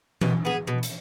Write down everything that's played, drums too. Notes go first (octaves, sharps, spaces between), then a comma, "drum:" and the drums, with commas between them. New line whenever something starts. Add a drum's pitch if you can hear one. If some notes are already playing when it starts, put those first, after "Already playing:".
B2, drum: tom E3
B3 G#4
B2
drum: hi-hat